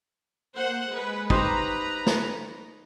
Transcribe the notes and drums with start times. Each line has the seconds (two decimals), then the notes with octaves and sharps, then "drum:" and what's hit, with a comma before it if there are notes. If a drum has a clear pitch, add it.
0.55 A#3 C5 F#5
0.90 G#3 B4
1.30 D#4 G4 B4 C5 A#5, drum: kick
2.06 drum: snare